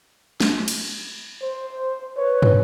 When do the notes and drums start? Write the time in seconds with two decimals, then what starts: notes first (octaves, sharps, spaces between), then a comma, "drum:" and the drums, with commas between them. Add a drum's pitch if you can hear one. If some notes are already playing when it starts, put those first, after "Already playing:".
0.40 drum: snare
0.68 drum: cymbal
1.42 C5
2.17 B4 C#5
2.42 drum: tom